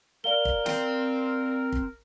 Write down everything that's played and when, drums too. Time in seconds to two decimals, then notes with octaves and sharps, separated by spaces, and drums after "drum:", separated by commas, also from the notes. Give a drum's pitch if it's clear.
0.24 A#4 D5 F5 G7
0.45 drum: kick
0.66 C4 G5, drum: snare
1.72 drum: kick